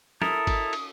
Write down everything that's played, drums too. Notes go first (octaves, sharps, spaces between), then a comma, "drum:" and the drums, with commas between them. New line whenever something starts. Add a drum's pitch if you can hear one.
E4 A4 A#4 D#6, drum: snare
drum: kick G1, cymbal
drum: cymbal